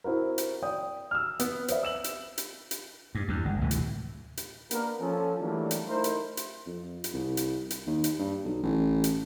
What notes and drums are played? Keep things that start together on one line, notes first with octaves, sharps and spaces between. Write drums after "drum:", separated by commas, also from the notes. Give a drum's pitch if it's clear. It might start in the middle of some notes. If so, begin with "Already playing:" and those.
C4 E4 F#4 A#4
drum: hi-hat
D5 G5 D#6
E6 F6
B3, drum: hi-hat
C4 B4 D5 E5, drum: hi-hat
E6 E7 F#7
drum: hi-hat
drum: hi-hat
drum: hi-hat
G2
E2 G2
G1 G#3
D2 A2 C3 E3
drum: hi-hat
drum: hi-hat
A#3 B3 D4 A#4, drum: hi-hat
F3 C#4 A4
E3 F#3 G3 A3 A#3 D4
drum: hi-hat
A3 D#4 E4 A#4 C5
drum: hi-hat
drum: hi-hat
F2
drum: hi-hat
C2
drum: hi-hat
drum: hi-hat
D#2
drum: hi-hat
G2
B1
A1
drum: hi-hat